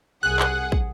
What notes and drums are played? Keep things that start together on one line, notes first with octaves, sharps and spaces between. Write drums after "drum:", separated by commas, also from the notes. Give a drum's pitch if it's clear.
C2 G#4 F#5 F#6
drum: clap
drum: kick